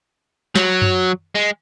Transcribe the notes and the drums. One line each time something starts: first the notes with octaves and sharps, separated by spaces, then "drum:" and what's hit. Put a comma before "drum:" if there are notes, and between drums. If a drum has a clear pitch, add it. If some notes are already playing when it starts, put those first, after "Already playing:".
F#3, drum: snare
drum: tom F#2
G#3